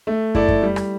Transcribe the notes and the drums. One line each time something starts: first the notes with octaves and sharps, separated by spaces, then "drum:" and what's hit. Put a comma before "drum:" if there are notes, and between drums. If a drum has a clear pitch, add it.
A3
E4 A4 D5, drum: kick
drum: kick
G3
drum: rim click